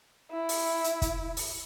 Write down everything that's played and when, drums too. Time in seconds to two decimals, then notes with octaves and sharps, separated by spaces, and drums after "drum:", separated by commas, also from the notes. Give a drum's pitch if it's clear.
0.31 E4
0.49 drum: open hi-hat
0.84 drum: hi-hat
1.02 drum: kick, hi-hat
1.37 drum: open hi-hat